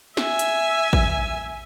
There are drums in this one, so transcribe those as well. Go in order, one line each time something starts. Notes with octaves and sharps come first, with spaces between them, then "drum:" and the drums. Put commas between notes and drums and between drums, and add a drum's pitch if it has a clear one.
E5 G#5, drum: snare
drum: hi-hat
drum: kick A1